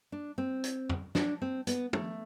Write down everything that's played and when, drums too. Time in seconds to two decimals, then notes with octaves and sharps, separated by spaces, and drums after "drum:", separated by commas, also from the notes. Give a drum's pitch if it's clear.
0.12 D4
0.38 C4
0.64 drum: hi-hat
0.90 drum: tom F2
1.15 D4, drum: snare
1.42 C4
1.67 B3, drum: hi-hat
1.93 A3, drum: tom